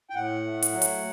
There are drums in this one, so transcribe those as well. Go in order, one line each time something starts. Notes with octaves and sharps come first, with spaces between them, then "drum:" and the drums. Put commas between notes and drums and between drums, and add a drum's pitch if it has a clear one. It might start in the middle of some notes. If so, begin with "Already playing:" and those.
G5
A2 F#5
A3
drum: hi-hat
F#3
drum: hi-hat